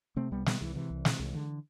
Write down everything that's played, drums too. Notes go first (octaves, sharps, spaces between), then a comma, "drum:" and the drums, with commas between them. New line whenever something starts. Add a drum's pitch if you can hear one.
C3 A3 C4
C2 G3 B3
C3 G3 B3, drum: snare
C2 E3
C3 E3
C2
C3, drum: snare
C2
D3